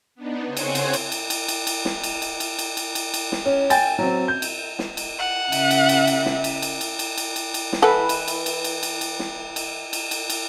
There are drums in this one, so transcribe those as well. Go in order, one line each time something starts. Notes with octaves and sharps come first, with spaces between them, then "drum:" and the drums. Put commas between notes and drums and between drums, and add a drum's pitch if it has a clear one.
B3 D4 D#4
C#3 C4 C5 C#5 F#5 G#5
drum: cymbal
drum: cymbal
drum: cymbal
drum: cymbal
drum: cymbal
drum: cymbal
drum: cymbal
drum: snare
drum: cymbal
drum: cymbal
drum: cymbal
drum: cymbal
drum: cymbal
drum: cymbal
drum: cymbal
drum: snare
C#4
G5 G#5 A6, drum: cymbal
F#3 C4
G6
drum: cymbal
drum: snare
drum: cymbal
F#5
C#3 E5, drum: cymbal
drum: cymbal
drum: cymbal
drum: cymbal
drum: snare
drum: cymbal
drum: cymbal
drum: cymbal
drum: cymbal
drum: cymbal
drum: cymbal
drum: cymbal
drum: snare
E3 A4 B4 F#5
drum: cymbal
drum: cymbal
drum: cymbal
drum: cymbal
drum: cymbal
drum: cymbal
drum: snare
drum: cymbal
drum: cymbal
drum: cymbal
drum: cymbal